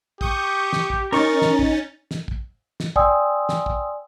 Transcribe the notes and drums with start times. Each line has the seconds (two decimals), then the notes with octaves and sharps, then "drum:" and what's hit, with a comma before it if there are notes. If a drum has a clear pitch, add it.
0.21 G4 C#6 D#6 G6, drum: kick
0.73 drum: snare
0.90 drum: kick
1.12 C#4 D#4 A#4 C#6 A6
1.42 drum: snare
1.59 drum: kick
2.11 drum: snare
2.28 drum: kick
2.80 drum: snare
2.96 D5 G5 G#5 C6 D#6 E6, drum: kick
3.49 drum: snare
3.66 drum: kick